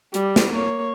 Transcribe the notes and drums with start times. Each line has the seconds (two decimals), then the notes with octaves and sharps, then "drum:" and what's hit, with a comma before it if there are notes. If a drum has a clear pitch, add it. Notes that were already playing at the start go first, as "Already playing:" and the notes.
0.14 G3, drum: hi-hat
0.36 drum: snare
0.54 A#3 C#5